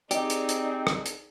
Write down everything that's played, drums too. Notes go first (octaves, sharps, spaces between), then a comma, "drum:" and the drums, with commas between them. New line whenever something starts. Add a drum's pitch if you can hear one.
C4 D#4 G4 G#4 D5 D#5, drum: hi-hat
drum: hi-hat
drum: hi-hat
drum: rim click
drum: hi-hat